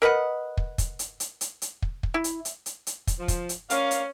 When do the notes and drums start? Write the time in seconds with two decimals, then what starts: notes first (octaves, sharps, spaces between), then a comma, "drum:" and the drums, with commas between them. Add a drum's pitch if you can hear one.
0.02 A#4 B4 D#5 F#5
0.57 drum: kick
0.78 drum: kick, hi-hat
0.99 drum: hi-hat
1.20 drum: hi-hat
1.41 drum: hi-hat
1.62 drum: hi-hat
1.82 drum: kick
2.03 drum: kick
2.14 E4
2.24 drum: hi-hat
2.45 drum: hi-hat
2.66 drum: hi-hat
2.87 drum: hi-hat
3.07 drum: kick, hi-hat
3.18 F3
3.28 drum: kick, hi-hat
3.49 drum: hi-hat
3.70 C#4 A#4 D5 F5, drum: hi-hat
3.91 drum: hi-hat